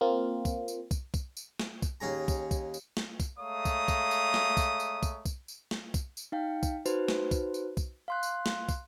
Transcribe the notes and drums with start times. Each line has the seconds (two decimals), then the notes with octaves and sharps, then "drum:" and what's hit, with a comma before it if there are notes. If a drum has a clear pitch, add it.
0.01 A#3 C4 F4
0.45 drum: kick, tambourine
0.68 drum: tambourine
0.91 drum: kick, tambourine
1.14 drum: kick, tambourine
1.37 drum: tambourine
1.59 drum: snare
1.82 drum: kick, tambourine
2.00 D#2 C#4 G#4 A#5
2.28 drum: kick, tambourine
2.51 drum: kick, tambourine
2.74 drum: tambourine
2.97 drum: snare
3.20 drum: kick, tambourine
3.38 G#3 A3 C#5 F5 A#5 D#6
3.65 drum: kick, tambourine
3.88 drum: kick, tambourine
4.11 drum: tambourine
4.34 drum: snare
4.57 drum: kick, tambourine
4.80 drum: tambourine
5.03 drum: kick, tambourine
5.25 drum: kick, tambourine
5.48 drum: tambourine
5.71 drum: snare
5.94 drum: kick, tambourine
6.17 drum: tambourine
6.32 D#4 F5 G5
6.63 drum: kick, tambourine
6.86 D#4 F#4 B4 C5, drum: tambourine
7.08 drum: snare
7.31 drum: kick, tambourine
7.54 drum: tambourine
7.77 drum: kick, tambourine
8.08 F5 C6 F#6
8.23 drum: tambourine
8.46 drum: snare
8.69 drum: kick, tambourine